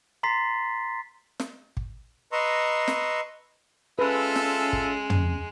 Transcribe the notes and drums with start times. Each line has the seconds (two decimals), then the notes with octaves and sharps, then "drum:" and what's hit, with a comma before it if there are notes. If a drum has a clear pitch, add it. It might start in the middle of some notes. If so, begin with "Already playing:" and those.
0.23 A#5 C6 A6 B6 C7
1.40 drum: snare
1.77 drum: kick
2.32 B4 D#5 A#5 C6 C#6 E6
2.88 drum: snare
3.99 G#3 C#4 F4 A4 B4 E5
4.36 drum: snare
4.73 drum: kick
5.10 drum: tom